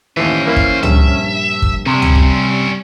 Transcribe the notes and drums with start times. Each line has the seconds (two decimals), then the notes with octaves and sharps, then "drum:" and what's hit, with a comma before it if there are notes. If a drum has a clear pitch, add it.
0.17 D#2 A2 E3 C#4 C5 G#5
0.45 E3 A#3 E4
0.57 drum: kick
0.83 A#1 G2 E5, drum: tom C#2
1.62 drum: kick
1.86 C3 G3 C#4 E4
2.02 drum: tom C#2
2.15 drum: kick